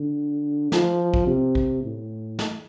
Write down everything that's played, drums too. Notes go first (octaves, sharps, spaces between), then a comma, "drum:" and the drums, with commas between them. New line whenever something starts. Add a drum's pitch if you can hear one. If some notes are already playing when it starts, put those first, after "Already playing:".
Already playing: D3
F3, drum: snare
drum: kick
C3
drum: kick
A2
drum: snare